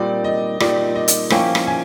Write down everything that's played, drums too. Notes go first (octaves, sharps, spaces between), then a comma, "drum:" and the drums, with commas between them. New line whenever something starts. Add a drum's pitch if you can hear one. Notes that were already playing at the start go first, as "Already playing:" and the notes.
Already playing: A#2 G3 C4 D#4 D5
D#5
A#2 G3 C4 D#4 D5, drum: rim click
D#5
drum: hi-hat
F3 A#3 C#4 E4 G5, drum: rim click
drum: rim click
G#5